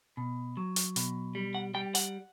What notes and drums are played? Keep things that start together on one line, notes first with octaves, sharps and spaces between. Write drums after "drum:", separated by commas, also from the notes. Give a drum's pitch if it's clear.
B2
F#3
drum: hi-hat
B2, drum: hi-hat
G3
F#5
G3 G5
F#5, drum: hi-hat